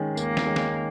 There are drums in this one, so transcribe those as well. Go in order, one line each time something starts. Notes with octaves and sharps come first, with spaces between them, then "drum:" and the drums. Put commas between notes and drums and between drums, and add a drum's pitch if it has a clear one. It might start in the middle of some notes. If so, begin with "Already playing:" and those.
Already playing: D#3 G#3 C#4
D#2 A#3, drum: tambourine
drum: snare
D#3 G#3 C#4
drum: snare